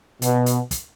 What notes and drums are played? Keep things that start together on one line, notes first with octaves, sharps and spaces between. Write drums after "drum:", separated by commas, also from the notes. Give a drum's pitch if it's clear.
B2, drum: hi-hat
drum: hi-hat
drum: kick, hi-hat